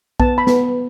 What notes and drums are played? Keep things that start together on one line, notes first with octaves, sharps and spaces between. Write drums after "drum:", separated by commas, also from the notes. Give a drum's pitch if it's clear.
B3 A5, drum: kick A#1
B5
B3, drum: snare